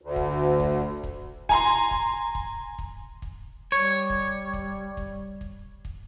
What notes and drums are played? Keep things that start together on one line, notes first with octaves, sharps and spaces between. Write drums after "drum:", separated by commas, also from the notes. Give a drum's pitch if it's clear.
D2
drum: kick
drum: kick
drum: kick
G#5 A#5 C6, drum: kick
drum: kick
drum: kick
drum: kick
drum: kick
G3 C#5
drum: kick
drum: kick
drum: kick
drum: kick
drum: kick